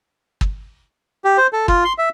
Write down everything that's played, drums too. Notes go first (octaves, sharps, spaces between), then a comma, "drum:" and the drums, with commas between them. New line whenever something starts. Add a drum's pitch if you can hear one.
drum: kick
G4
C5
A4
F4, drum: kick
C6
E5